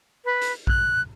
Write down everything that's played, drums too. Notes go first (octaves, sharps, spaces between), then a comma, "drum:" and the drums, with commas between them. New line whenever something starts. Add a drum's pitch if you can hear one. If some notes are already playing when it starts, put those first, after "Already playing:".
B4
drum: hi-hat
F#6, drum: kick A#1